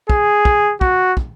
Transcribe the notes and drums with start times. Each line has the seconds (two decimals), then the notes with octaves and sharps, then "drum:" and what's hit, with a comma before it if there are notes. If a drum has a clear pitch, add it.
0.10 G#4, drum: kick
0.45 drum: kick
0.81 F#4, drum: kick
1.17 drum: kick